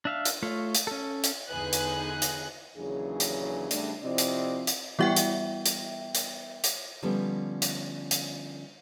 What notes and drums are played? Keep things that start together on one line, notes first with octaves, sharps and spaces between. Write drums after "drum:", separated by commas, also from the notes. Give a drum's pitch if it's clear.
D4 E5 F5
drum: hi-hat
A3 F4 C#5
drum: hi-hat
C#4 A4
drum: hi-hat
E2 D3 D#4 G#4 B4 F#6
drum: hi-hat
drum: hi-hat
D#2 C#3 E3 F#3 D4 G#4
drum: hi-hat
C#3 G3 A3 D4, drum: hi-hat
C3 F3 C4 E4 D5 D#5
drum: hi-hat
drum: hi-hat
E3 G3 B3 F#4 E5 G5
drum: hi-hat
drum: hi-hat
drum: hi-hat
drum: hi-hat
D3 F3 G3 B3 C#4
drum: hi-hat
drum: hi-hat